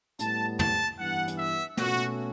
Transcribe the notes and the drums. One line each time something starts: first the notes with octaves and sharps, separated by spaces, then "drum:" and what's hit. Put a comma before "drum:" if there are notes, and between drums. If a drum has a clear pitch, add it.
A2 G3 B3 A5, drum: hi-hat
A5, drum: tom
G2 E3 B3 F#5
drum: hi-hat
E5
B2 A3 C#4 F#4, drum: snare